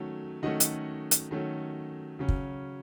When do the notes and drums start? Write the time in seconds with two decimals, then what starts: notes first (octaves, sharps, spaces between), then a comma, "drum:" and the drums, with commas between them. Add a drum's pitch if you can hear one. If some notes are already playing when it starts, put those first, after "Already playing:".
Already playing: D#3 F#3 A3 C#4
0.43 D#3 F#3 A3 C#4 D#5 F#5
0.60 drum: hi-hat
1.11 drum: hi-hat
1.31 D#3 F#3 A3 C#4
2.19 C#3 F#3 C#4
2.28 drum: kick